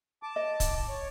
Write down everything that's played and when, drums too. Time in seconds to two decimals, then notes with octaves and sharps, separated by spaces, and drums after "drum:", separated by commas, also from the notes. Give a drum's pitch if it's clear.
0.23 A5 D6
0.36 D#5
0.60 drum: kick, hi-hat
0.89 C#5